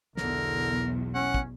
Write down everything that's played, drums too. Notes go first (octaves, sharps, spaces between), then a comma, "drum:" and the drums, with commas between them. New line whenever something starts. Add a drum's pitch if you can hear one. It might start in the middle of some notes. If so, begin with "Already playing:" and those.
B1 E2 D3 A#4, drum: snare
C#4 F#5
drum: kick